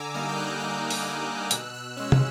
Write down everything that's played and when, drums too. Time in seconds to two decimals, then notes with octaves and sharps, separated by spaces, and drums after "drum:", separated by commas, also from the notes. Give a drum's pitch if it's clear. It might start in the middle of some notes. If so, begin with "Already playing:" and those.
Already playing: D3 G#5 A#5 D6 E6
0.14 G3 A#3 D#4 D#6 F6
0.29 G6
0.37 E6 F#6
0.60 D3 F6 G6
0.91 drum: open hi-hat
1.06 G3 A#3 D#4
1.51 B2 E6 F#6, drum: hi-hat
1.74 E6 F#6
1.97 G#3 C#4 E6 F#6
2.12 drum: tom